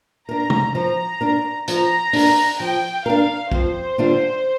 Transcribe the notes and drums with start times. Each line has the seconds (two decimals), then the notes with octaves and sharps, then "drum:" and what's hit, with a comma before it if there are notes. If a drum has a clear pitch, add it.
0.29 D4 A#4 A#5
0.50 drum: tom C3
0.75 F3 A#5
1.21 D4 A#4
1.68 F3 A#5, drum: hi-hat
2.13 D4 A#4, drum: open hi-hat
2.59 F3 G5
3.06 D4 A#4 F5
3.52 F2 C5, drum: kick
3.98 D3 G3 D4 F4